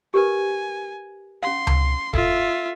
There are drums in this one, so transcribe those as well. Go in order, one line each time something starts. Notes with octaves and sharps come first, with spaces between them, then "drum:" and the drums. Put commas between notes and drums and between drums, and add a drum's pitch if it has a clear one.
G4 A#4 B4 G#5
C#4 F5 C6
drum: tom C#2
F4 A4 E5, drum: kick